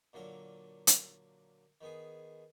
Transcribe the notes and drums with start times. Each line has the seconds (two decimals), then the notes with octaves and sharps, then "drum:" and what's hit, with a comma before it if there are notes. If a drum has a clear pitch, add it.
0.13 A#2 D3 F#3 A#4
0.87 drum: hi-hat
1.81 D#3 B3 G#4